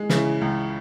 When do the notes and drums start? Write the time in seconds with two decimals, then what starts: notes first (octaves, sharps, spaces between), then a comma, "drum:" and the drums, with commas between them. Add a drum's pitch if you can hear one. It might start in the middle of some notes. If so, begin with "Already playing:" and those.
Already playing: G#3
0.09 C#3 E4, drum: snare
0.25 E3
0.41 C#2